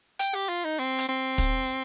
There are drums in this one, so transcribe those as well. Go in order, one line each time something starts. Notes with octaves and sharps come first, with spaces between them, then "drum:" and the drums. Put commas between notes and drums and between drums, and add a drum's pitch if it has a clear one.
G5, drum: hi-hat
G4
F4
D#4
C4
drum: hi-hat
C4
drum: kick, hi-hat